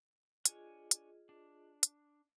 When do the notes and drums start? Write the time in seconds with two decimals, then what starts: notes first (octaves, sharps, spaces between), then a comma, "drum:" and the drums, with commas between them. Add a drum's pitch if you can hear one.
0.45 D4 F4 G#4 C#5 D#5 G#5, drum: hi-hat
0.91 drum: hi-hat
1.29 D4
1.83 drum: hi-hat